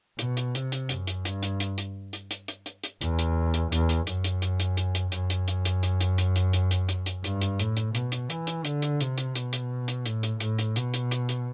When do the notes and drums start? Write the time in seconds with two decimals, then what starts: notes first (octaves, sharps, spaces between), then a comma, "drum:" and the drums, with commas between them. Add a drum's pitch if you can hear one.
0.19 B2, drum: hi-hat
0.37 drum: hi-hat
0.55 C3, drum: hi-hat
0.72 drum: hi-hat
0.89 F#2, drum: hi-hat
1.07 drum: hi-hat
1.25 G2, drum: hi-hat
1.43 drum: hi-hat
1.60 drum: hi-hat
1.78 drum: hi-hat
2.13 drum: hi-hat
2.31 drum: hi-hat
2.48 drum: hi-hat
2.66 drum: hi-hat
2.84 drum: hi-hat
3.01 E2, drum: hi-hat
3.19 drum: hi-hat
3.54 drum: hi-hat
3.72 E2, drum: hi-hat
3.89 drum: hi-hat
4.07 F#2, drum: hi-hat
4.24 drum: hi-hat
4.42 drum: hi-hat
4.60 drum: hi-hat
4.77 drum: hi-hat
4.95 drum: hi-hat
5.12 F#2, drum: hi-hat
5.30 drum: hi-hat
5.48 drum: hi-hat
5.65 drum: hi-hat
5.83 drum: hi-hat
6.01 drum: hi-hat
6.18 drum: hi-hat
6.36 drum: hi-hat
6.53 drum: hi-hat
6.71 drum: hi-hat
6.89 drum: hi-hat
7.06 drum: hi-hat
7.24 G2, drum: hi-hat
7.41 drum: hi-hat
7.60 A2, drum: hi-hat
7.77 drum: hi-hat
7.95 B2, drum: hi-hat
8.12 drum: hi-hat
8.30 E3, drum: hi-hat
8.47 drum: hi-hat
8.65 D3, drum: hi-hat
8.82 drum: hi-hat
9.01 C3, drum: hi-hat
9.18 drum: hi-hat
9.36 B2, drum: hi-hat
9.53 drum: hi-hat
9.88 drum: hi-hat
10.06 A2, drum: hi-hat
10.23 drum: hi-hat
10.40 A2, drum: hi-hat
10.59 drum: hi-hat
10.76 B2, drum: hi-hat
10.94 drum: hi-hat
11.11 drum: hi-hat
11.29 drum: hi-hat